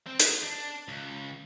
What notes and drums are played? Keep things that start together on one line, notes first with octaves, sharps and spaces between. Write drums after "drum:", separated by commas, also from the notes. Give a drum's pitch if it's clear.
C4
D#5, drum: hi-hat
D4
C#2